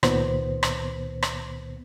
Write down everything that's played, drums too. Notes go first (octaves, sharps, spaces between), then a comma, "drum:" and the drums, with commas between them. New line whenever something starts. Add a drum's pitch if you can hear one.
C#2 A#2 D#3 B3 C5, drum: rim click
drum: rim click
drum: rim click